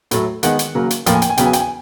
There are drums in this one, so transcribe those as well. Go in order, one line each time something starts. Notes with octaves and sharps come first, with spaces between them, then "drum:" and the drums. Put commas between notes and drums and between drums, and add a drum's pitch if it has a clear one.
A2 F#3 A3, drum: hi-hat
D#3 G#3 B3 F#5, drum: hi-hat
drum: hi-hat
C#3 F#3 A#3
drum: hi-hat
A2 F3 A#3 G5, drum: hi-hat
G#5
G5, drum: hi-hat
G#5
C#3 F#3 B3 G5, drum: hi-hat
G#5
G5, drum: hi-hat
G#5